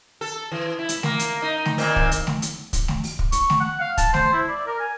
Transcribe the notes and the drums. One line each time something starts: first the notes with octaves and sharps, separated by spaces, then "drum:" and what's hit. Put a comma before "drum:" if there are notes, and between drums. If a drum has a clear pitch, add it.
A4
E3
E4
drum: hi-hat
A#3, drum: snare A3
drum: hi-hat
D#4
drum: snare A3
A#2 D#3 C4, drum: open hi-hat
drum: kick
drum: hi-hat
drum: snare A3
drum: hi-hat
drum: kick, hi-hat
drum: snare A3
drum: open hi-hat
drum: kick
C#6, drum: hi-hat
drum: snare A3
F#5
F5
A5, drum: kick, hi-hat
C5, drum: snare A3
E4
D5
A#4
G#5